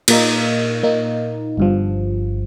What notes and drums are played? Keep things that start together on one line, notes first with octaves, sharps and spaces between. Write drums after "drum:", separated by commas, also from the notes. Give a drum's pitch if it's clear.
A#2 A#3 D#4, drum: cymbal
A#2 A#3 D#4
G1 G2 F3